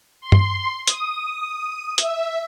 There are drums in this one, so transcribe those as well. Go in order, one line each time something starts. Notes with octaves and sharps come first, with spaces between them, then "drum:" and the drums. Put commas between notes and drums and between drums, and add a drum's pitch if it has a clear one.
C6
drum: tom
D#6, drum: hi-hat
E5, drum: hi-hat